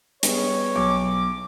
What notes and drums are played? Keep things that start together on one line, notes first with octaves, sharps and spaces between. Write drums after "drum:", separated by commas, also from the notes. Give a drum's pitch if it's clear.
G3 B3 G#4 C#5, drum: hi-hat
B1 D6